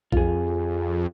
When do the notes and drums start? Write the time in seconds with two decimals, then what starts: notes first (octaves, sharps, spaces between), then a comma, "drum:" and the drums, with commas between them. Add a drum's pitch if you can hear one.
0.12 F2 F4 G#4, drum: kick B1